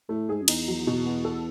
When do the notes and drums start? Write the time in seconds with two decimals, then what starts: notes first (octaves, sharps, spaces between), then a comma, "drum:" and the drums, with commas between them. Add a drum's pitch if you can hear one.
0.09 A2 A3
0.29 G#2 G#4
0.42 F#2
0.48 E2 D#4, drum: cymbal
0.68 F#3
0.87 B2
1.06 B3
1.25 A4